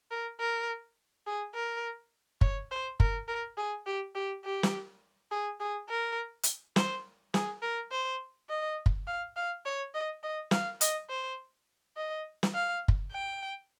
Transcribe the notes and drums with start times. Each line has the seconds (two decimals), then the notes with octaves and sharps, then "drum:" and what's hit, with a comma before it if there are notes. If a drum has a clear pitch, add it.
0.11 A#4
0.40 A#4
1.27 G#4
1.55 A#4
2.41 C#5, drum: kick
2.71 C5
3.00 A#4, drum: kick
3.28 A#4
3.57 G#4
3.86 G4
4.15 G4
4.45 G4
4.63 drum: snare
5.31 G#4
5.60 G#4
5.89 A#4
6.43 drum: hi-hat
6.76 C5, drum: snare
7.34 G#4, drum: snare
7.62 A#4
7.91 C5
8.49 D#5
8.86 drum: kick
9.07 F5
9.36 F5
9.65 C#5
9.94 D#5
10.23 D#5
10.51 F5, drum: snare
10.81 D#5, drum: hi-hat
11.10 C5
11.97 D#5
12.43 drum: snare
12.55 F5
12.88 drum: kick
13.12 G5